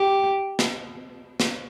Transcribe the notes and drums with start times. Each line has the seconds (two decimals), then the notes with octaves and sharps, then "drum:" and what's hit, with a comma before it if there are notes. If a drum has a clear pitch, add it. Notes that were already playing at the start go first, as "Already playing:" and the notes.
Already playing: G4
0.59 drum: snare
1.40 drum: snare